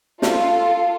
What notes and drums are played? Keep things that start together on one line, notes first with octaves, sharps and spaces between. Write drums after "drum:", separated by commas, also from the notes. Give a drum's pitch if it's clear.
F4 A4, drum: snare